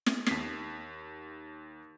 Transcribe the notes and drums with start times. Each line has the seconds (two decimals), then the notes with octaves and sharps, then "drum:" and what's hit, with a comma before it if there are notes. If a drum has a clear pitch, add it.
0.07 drum: snare
0.27 D#2 B6 C7, drum: snare